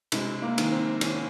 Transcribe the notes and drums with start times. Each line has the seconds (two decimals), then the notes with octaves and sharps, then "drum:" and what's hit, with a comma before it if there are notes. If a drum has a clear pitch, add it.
0.12 C3 G#3, drum: cymbal
0.42 A#3
0.58 D#3, drum: cymbal
0.72 C4
1.01 D#3 C#4, drum: cymbal